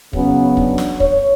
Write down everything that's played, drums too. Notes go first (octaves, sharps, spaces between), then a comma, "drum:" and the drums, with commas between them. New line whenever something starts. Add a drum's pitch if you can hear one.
C#3 F#3 B3 C#4, drum: kick
D4, drum: kick
drum: snare
C#5, drum: kick